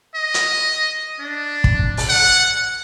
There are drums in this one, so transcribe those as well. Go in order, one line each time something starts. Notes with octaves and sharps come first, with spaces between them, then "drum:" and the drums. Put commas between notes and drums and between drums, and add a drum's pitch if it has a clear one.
D#5
drum: hi-hat
D4
drum: kick
drum: open hi-hat
F#5